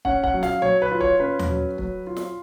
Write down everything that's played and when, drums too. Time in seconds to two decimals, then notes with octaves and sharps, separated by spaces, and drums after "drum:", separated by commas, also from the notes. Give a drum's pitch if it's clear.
0.05 C#4 F#5, drum: kick
0.24 F#5, drum: kick
0.34 F#3
0.43 F5, drum: snare
0.62 F#3 C#5
0.82 B4
0.91 F4
1.01 C#5, drum: kick
1.20 C#4 B4
1.39 drum: tom D#2
1.49 F#3
1.78 F#3, drum: kick
2.07 F4
2.17 drum: snare